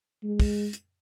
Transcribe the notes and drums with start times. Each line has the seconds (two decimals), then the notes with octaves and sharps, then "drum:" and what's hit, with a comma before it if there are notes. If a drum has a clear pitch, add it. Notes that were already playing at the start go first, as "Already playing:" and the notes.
0.23 G#3
0.40 drum: kick, open hi-hat
0.73 drum: hi-hat